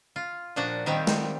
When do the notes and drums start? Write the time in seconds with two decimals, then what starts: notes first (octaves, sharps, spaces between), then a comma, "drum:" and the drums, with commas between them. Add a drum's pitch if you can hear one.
0.16 F4
0.56 A#2 F3 D4 F#4 F#5
0.86 D#3 F3 G3 C4 G4
1.07 drum: snare